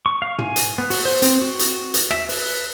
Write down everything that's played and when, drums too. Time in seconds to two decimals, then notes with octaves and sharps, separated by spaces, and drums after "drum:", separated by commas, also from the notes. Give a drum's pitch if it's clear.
0.06 C#6
0.22 F5
0.38 G#5, drum: tom
0.56 drum: hi-hat
0.78 B3
0.90 F#4, drum: open hi-hat
1.05 C5
1.22 C4, drum: hi-hat
1.42 F#4
1.59 drum: hi-hat
1.94 drum: hi-hat
2.11 E5, drum: rim click
2.29 B4, drum: open hi-hat